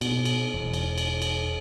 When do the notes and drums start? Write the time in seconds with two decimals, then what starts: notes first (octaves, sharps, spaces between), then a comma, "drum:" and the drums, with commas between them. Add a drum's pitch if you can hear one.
0.01 B2, drum: cymbal
0.25 drum: cymbal
0.54 E1
0.74 drum: cymbal
0.98 drum: cymbal
1.22 drum: cymbal